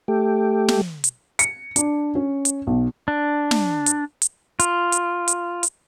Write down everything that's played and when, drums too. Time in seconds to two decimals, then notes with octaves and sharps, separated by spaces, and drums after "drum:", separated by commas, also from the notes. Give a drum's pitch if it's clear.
0.08 A3 G4
0.68 drum: snare
1.04 drum: hi-hat
1.39 C#7, drum: hi-hat
1.76 D4, drum: hi-hat
2.15 C#4
2.45 drum: hi-hat
2.67 B1
3.08 D4
3.51 drum: snare
3.86 drum: hi-hat
4.22 drum: hi-hat
4.60 F4, drum: hi-hat
4.92 drum: hi-hat
5.28 drum: hi-hat
5.63 drum: hi-hat